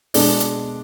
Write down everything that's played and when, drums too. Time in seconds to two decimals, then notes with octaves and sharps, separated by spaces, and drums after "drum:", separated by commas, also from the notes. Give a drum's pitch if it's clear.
0.14 B2 G#3 D4 D5, drum: open hi-hat
0.40 drum: hi-hat